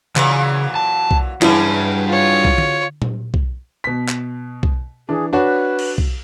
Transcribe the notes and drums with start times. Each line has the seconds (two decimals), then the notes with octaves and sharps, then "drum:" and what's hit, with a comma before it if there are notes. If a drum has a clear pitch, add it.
0.16 A#2 C#3 E3 F#3, drum: clap
0.76 A5
1.11 drum: kick B1
1.42 C#3 E3 F#3 G3 D4 E4 A5, drum: clap
2.07 F4 C#5
2.45 drum: kick B1
2.58 drum: tom D3
3.02 drum: tom A#2
3.34 drum: kick B1
3.84 B2 B6
4.08 drum: clap
4.63 drum: kick B1
5.09 E3 D4 G#4
5.33 D4 F#4 B4 C#5
5.79 drum: cymbal
5.98 drum: kick B1